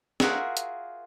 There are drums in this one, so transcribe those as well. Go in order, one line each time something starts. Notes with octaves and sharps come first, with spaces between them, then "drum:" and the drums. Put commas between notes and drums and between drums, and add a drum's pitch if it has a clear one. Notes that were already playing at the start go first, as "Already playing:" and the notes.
F4 F#4 G#4 A#4 E5, drum: snare
drum: hi-hat